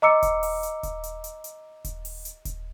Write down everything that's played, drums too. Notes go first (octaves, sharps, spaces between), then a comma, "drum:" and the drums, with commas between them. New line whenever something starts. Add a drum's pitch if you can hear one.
D#5 A#5 D6 E6 C#7
drum: kick D#1, hi-hat
drum: open hi-hat
drum: hi-hat
drum: kick D#1, hi-hat
drum: hi-hat
drum: hi-hat
drum: hi-hat
drum: kick D#1, hi-hat
drum: open hi-hat
drum: hi-hat
drum: kick D#1, hi-hat